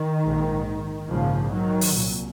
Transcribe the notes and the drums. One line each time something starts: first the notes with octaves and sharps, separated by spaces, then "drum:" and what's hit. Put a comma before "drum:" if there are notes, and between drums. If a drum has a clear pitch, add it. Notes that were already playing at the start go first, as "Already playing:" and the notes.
Already playing: D#3
A#1 G#2
A#1 G#2 C#3 F3
D#3 F#3
drum: open hi-hat
C2 A#2